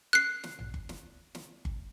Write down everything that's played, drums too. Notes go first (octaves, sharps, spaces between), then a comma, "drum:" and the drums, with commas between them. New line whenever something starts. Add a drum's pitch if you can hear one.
F#6 C7
drum: snare
drum: tom A#1
drum: kick G1
drum: snare
drum: snare
drum: kick G1